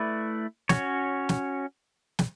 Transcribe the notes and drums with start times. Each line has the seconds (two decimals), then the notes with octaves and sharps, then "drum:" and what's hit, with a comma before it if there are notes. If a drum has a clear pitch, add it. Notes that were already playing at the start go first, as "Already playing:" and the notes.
Already playing: A3 E4 B4 D5
0.69 C#4 F#4 C#5, drum: snare
1.29 drum: snare
2.19 drum: snare